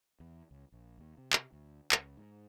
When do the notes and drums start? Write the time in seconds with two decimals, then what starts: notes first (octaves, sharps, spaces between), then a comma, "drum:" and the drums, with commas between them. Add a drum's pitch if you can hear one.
0.20 E2
0.51 C#2
0.72 A#1
0.98 D#2
1.18 C3
1.33 drum: clap
1.52 D2
1.92 C#2, drum: clap
2.17 G#2